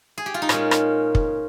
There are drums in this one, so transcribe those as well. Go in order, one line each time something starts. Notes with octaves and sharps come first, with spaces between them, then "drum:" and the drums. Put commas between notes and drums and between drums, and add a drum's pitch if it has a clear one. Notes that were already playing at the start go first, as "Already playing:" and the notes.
G#4
G4
F4
D#4
A#2 G#3 C#4, drum: rim click
drum: rim click
drum: kick